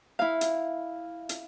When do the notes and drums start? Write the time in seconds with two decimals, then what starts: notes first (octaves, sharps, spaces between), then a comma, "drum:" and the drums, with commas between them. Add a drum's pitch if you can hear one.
0.19 E4 F5
0.41 drum: hi-hat
1.29 drum: hi-hat